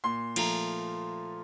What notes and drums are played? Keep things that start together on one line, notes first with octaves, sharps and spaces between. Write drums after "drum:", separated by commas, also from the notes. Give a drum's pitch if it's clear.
A#2 C6
F3 A3 A#5, drum: cymbal